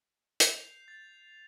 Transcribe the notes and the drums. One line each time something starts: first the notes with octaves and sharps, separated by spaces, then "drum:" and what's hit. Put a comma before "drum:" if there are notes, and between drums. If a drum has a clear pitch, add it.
G6 C7 F7, drum: hi-hat
A6